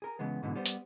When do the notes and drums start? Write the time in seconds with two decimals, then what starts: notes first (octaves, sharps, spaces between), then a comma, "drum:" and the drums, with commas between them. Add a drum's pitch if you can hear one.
0.02 G#4 A#4
0.19 C#3 E3 G#3 B3
0.43 G#2 B2 D3 E3
0.56 G3 B3 C5
0.66 drum: hi-hat